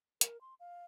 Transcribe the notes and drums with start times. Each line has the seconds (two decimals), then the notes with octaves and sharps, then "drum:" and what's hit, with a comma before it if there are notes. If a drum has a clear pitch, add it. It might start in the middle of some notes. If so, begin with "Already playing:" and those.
0.21 A#4, drum: hi-hat
0.41 C6
0.60 F5